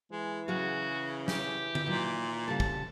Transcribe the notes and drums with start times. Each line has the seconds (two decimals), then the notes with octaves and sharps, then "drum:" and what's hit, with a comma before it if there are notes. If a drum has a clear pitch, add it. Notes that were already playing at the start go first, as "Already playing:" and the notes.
0.12 E3 G#3
0.48 C#3 F#3 F#4 G#4 F5
1.28 G4, drum: snare
1.75 drum: tom
1.86 A#2 D#3 F#3
2.48 C#3 G3 A4 A5
2.60 drum: kick